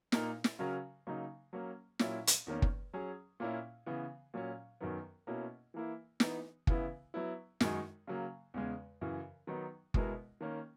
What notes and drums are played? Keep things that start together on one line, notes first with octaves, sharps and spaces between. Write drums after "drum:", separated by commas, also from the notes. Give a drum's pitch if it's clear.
A#2 A#3 D#4 A#4, drum: snare
drum: snare
C#3 F#3 C#4 F#4 A#4
C#3 F#3 A#3 D#4
F#3 A#3 C#4
A#2 F#3 C#4 E4, drum: snare
drum: hi-hat
E2 D#3 A#3 C#4
drum: kick
F#3 C#4 G#4
A#2 A#3 C#4 E4
C#3 E3 B3
A#2 F#3 C#4
F#2 D#3 F#3 B3
B2 A#3 C#4 E4
E3 A#3 E4
E3 B3 D#4, drum: snare
C#3 E3 B3 E4, drum: kick
F#3 B3 E4
F#2 D#3 G#3 D#4 F#4, drum: snare
C#3 F#3 A#3
E2 C#3 G#3
F#2 C#3 E3
D#3 F#3 B3 D#4
B2 G#3 B3 E4 A#4, drum: kick
D#3 A#3 C#4